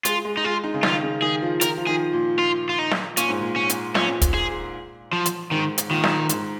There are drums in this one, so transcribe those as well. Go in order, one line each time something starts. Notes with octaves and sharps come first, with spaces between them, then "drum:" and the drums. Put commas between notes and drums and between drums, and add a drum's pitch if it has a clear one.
G#3 F4, drum: hi-hat
G#3
D#4
G#3 F4
D#4
C#3
D#3 F4, drum: snare
C#3
D#3 G#4
F3
D#3 A#4, drum: hi-hat
F3
D#3 G#4
A#2
F4
F4
D#4
drum: snare
A#2 C#4, drum: hi-hat
G#2
A#2
C#4
drum: hi-hat
A#2 C#4, drum: snare
drum: kick, hi-hat
G#4
F3
drum: hi-hat
G#2 D#3
drum: hi-hat
A#2 D#3
drum: snare
G#2, drum: hi-hat